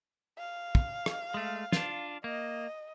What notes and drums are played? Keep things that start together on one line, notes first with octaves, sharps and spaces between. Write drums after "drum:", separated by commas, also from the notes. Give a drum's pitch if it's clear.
F5
drum: kick
drum: rim click
G#3 A3
D4 F4, drum: snare
A#3 D#5